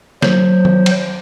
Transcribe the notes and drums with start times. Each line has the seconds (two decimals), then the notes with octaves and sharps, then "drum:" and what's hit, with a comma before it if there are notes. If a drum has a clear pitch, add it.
0.22 F#3 C5, drum: snare
0.65 drum: tom D#3
0.86 drum: cymbal